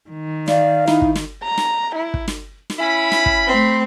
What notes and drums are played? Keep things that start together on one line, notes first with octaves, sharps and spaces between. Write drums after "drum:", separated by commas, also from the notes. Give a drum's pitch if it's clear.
D#3
D5 F5, drum: snare
D#4 E4, drum: snare
drum: kick
drum: snare
A#5
drum: snare
E4
drum: kick
drum: snare
drum: snare
C#4 E4 B5
drum: snare
drum: kick
A3 C4